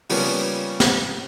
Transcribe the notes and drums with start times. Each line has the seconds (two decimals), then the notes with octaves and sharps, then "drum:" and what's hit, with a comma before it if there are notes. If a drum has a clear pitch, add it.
0.10 C#3 F3 G3 A#3 B3 C#4, drum: open hi-hat
0.80 drum: snare